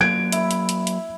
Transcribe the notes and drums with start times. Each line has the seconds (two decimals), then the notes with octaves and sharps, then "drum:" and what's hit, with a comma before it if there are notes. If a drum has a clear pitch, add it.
0.01 F#3 A#3 G#6 D7
0.32 E4 E5, drum: hi-hat
0.51 drum: hi-hat
0.69 drum: hi-hat
0.87 drum: hi-hat